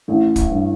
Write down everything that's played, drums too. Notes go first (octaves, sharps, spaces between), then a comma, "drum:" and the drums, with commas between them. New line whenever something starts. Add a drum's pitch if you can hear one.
A1
drum: kick, hi-hat
G2